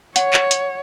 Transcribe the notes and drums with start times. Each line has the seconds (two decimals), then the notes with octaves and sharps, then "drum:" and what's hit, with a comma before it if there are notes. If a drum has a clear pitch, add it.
0.16 C#5 F#5, drum: hi-hat
0.33 drum: clap
0.51 drum: hi-hat